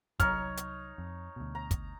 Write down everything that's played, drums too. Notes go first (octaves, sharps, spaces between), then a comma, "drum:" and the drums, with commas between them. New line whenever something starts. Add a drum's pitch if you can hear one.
C2 F#3 D#4 C#5 F6, drum: kick, hi-hat
drum: hi-hat
F2
D2 B2
A#5
drum: kick, hi-hat